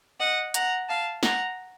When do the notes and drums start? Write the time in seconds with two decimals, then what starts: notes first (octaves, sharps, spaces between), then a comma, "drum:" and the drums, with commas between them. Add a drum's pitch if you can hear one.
0.19 D#5 F#5
0.54 F#5 A#5, drum: hi-hat
0.89 F5 A5
1.23 F#5 A#5, drum: snare